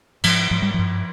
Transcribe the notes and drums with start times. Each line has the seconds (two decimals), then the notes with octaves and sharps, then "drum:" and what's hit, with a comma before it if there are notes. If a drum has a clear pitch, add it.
0.24 G#2 F3, drum: cymbal
0.51 G#2 F3
0.62 G3
0.74 G2 F3